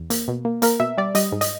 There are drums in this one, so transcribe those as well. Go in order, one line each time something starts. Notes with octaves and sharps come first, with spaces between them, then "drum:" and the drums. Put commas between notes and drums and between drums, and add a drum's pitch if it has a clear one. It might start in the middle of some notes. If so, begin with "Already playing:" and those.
Already playing: E2
A#3, drum: hi-hat
B2
A#3
A#3 A#4, drum: hi-hat
B2 E5
G3 D5
G3 D#5, drum: hi-hat
G#2
D#5, drum: hi-hat